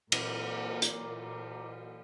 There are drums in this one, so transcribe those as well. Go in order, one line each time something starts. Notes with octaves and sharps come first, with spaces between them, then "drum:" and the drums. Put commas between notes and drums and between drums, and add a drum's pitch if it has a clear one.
A#2 E3 F#3 C4 A#4 D6, drum: cymbal
drum: hi-hat